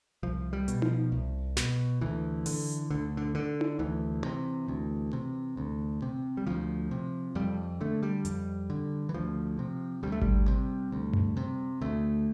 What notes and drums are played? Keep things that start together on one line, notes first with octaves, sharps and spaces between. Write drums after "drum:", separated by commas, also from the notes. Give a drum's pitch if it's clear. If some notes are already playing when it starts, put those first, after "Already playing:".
C2 F3
G3
B2, drum: hi-hat
F3, drum: tom D#4
C2
B2, drum: snare
D2 E3
D3, drum: open hi-hat
D2 D3
D3
D3
drum: tom D#4
D2 E3
C3
D2
C3
D2
C3
G3
D2 F3
C3
F2 G3
D3 A3
G3
F2, drum: hi-hat
D3
E3
D2 F3
C3
D2 G3
A3
G3, drum: kick G#1
C3
D2
drum: tom F#2
C3
D2 A3